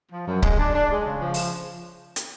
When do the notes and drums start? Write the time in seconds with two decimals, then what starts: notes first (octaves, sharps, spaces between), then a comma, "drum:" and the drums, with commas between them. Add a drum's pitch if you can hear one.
0.11 F3
0.27 F#2
0.42 G#3, drum: kick C#1
0.58 D4
0.74 D4
0.90 G#3
1.06 C#3
1.20 F3
1.34 drum: open hi-hat
2.16 drum: hi-hat